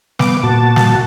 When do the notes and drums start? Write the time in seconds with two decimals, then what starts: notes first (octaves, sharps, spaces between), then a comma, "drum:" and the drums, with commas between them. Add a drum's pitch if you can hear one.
0.19 B3 D6, drum: snare
0.43 A#2 F#4 A5
0.76 drum: snare